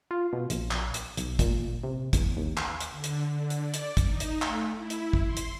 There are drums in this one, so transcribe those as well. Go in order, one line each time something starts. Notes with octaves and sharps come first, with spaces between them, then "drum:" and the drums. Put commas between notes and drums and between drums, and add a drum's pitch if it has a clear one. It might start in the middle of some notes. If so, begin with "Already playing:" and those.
F4
B2
A#1, drum: hi-hat
drum: clap
drum: hi-hat
B1, drum: hi-hat
A#2, drum: kick, hi-hat
C3
E2, drum: kick, hi-hat
D#2
drum: clap
drum: hi-hat
D3
drum: hi-hat
D3
drum: hi-hat
D5
drum: hi-hat
drum: kick, hi-hat
D#4
drum: hi-hat
A3, drum: clap
E4
drum: hi-hat
drum: kick
C6
drum: hi-hat